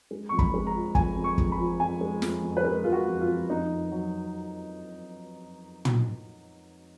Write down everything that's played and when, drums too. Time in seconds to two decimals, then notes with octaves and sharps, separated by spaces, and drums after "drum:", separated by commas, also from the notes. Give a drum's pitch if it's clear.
0.11 G#3
0.29 F2 C#6
0.39 B5, drum: kick
0.54 G#3
0.67 A#5
0.75 F3
0.95 F2 G#5, drum: kick
1.17 F2
1.24 C#6
1.38 F2, drum: kick
1.52 B5
1.59 F3
1.80 F2 G#5
2.01 G#3
2.22 F2, drum: snare
2.43 F2
2.57 B4
2.64 G#3 A#4
2.84 G#3 F4
2.92 F#4
3.07 F2
3.21 F4
3.27 F2
3.49 F2 D#4
3.70 F2
3.91 F#3
5.85 drum: tom